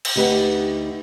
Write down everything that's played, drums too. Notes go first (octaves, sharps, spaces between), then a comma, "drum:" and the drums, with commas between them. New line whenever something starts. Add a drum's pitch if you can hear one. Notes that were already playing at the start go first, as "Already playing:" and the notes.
drum: cymbal
D2 D#4 G4 B4 F#5